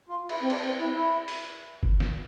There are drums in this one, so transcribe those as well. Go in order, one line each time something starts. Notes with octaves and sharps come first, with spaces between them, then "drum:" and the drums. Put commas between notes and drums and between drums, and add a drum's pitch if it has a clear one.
F4
E4, drum: cymbal
C4
D4, drum: cymbal
C4
E4
E4
drum: open hi-hat
drum: kick
drum: snare